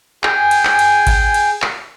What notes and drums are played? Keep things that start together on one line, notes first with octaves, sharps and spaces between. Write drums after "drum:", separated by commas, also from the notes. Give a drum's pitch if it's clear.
G#4 G5 G#5, drum: clap
drum: cymbal
drum: clap
drum: cymbal
drum: kick G#1, cymbal
drum: cymbal
drum: clap